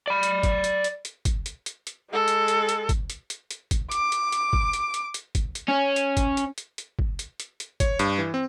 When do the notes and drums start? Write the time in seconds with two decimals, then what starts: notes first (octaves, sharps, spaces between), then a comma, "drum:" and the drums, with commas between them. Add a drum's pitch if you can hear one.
0.08 D5 B5
0.23 drum: hi-hat
0.43 drum: kick, hi-hat
0.64 drum: hi-hat
0.84 drum: hi-hat
1.05 drum: hi-hat
1.25 drum: kick, hi-hat
1.46 drum: hi-hat
1.66 drum: hi-hat
1.87 drum: hi-hat
2.11 G#3 A4
2.28 drum: hi-hat
2.48 drum: hi-hat
2.69 drum: hi-hat
2.89 drum: kick, hi-hat
3.10 drum: hi-hat
3.30 drum: hi-hat
3.51 drum: hi-hat
3.71 drum: kick, hi-hat
3.91 D6, drum: hi-hat
4.12 drum: hi-hat
4.32 drum: hi-hat
4.53 drum: kick
4.73 drum: hi-hat
4.94 drum: hi-hat
5.14 drum: hi-hat
5.35 drum: kick, hi-hat
5.55 drum: hi-hat
5.69 C#4
5.96 drum: hi-hat
6.17 drum: kick, hi-hat
6.37 drum: hi-hat
6.58 drum: hi-hat
6.78 drum: hi-hat
6.99 drum: kick
7.19 drum: hi-hat
7.40 drum: hi-hat
7.60 drum: hi-hat
7.80 C#5, drum: kick, hi-hat
7.99 G2, drum: hi-hat
8.18 E3
8.34 C4